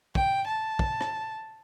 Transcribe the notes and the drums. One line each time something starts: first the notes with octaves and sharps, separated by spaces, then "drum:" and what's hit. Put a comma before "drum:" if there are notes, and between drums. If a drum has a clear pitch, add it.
G5, drum: kick
A5
drum: kick
drum: rim click